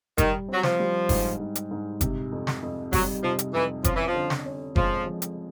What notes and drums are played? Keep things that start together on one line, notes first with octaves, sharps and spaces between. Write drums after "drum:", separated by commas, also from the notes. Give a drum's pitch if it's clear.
D#3 G3, drum: kick F#1, hi-hat
C4
F#3
F3, drum: snare
G3
G#2, drum: kick F#1, open hi-hat
G#2
drum: hi-hat
G#2
C3, drum: kick F#1, hi-hat
F2
drum: snare
F2
F#3 G3, drum: kick F#1, open hi-hat
C3 F3
drum: hi-hat
F2 E3
F3 C#4, drum: kick F#1, hi-hat
E3
F3
D3
drum: snare
C#4
F3 G#3, drum: kick F#1
F3
drum: hi-hat